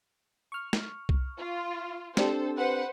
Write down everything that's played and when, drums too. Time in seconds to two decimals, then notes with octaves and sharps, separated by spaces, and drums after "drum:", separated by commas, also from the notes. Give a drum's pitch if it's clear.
0.52 C#6 F6
0.73 drum: snare
1.09 drum: kick C2
1.37 F4
2.17 C4 D4 G4 A4 C5, drum: snare
2.56 B4 C5 F#5